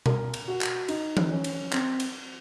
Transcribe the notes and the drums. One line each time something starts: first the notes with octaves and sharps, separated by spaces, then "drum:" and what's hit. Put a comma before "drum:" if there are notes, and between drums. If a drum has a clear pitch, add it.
A#4, drum: tom B2
drum: cymbal
F#4
drum: clap
D#4, drum: cymbal
drum: tom E3
C#4
drum: cymbal
C4, drum: clap
drum: cymbal